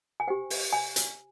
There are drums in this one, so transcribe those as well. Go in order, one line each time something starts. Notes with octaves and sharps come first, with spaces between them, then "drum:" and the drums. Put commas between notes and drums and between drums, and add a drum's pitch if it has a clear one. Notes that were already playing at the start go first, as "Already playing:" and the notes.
G#5
G4 C5 G5
drum: open hi-hat
G#5
drum: hi-hat